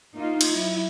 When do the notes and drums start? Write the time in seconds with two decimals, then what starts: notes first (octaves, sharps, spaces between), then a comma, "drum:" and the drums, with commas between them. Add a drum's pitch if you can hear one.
0.16 A#3 D#4 F4
0.41 drum: cymbal
0.52 F#3 E4